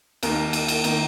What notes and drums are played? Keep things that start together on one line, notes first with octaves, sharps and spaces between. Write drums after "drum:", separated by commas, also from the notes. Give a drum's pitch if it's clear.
D#2 D#3 A#3 A#4, drum: cymbal
drum: cymbal
drum: cymbal
D#3 A#3, drum: cymbal